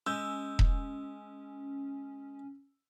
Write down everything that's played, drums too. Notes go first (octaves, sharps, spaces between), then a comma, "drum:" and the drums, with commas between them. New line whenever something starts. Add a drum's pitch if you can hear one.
G#3 C#4 E6 G6
drum: kick E1